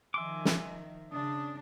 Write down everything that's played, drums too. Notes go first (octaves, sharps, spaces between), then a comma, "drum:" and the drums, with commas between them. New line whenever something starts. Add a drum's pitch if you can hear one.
D#3 F3 E5 G#5 C6 D6
drum: snare
C#3 D4 D#6